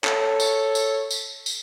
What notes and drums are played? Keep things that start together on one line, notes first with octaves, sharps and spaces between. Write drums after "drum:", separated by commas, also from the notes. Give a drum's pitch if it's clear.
A4 C#5, drum: clap
drum: tambourine
drum: tambourine
drum: tambourine
drum: tambourine